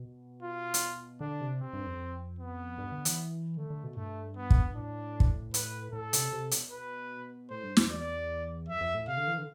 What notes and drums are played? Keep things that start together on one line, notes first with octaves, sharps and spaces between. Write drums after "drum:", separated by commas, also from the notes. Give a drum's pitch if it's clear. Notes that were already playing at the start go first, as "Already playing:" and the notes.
Already playing: B2
F4
drum: hi-hat
D3 D4
C3
C4
G2
F2
B3
G2
D3
E3, drum: hi-hat
D3 A3
D3
B2
G2 A3
B3
drum: kick
A2 D4
drum: kick
B4, drum: hi-hat
A2 A4
C3, drum: hi-hat
C3
B2, drum: hi-hat
B4
A2 C5
G2
F2, drum: snare
E2 D5
F2 E5
F2
A2
C3 F5
D3
E3
D3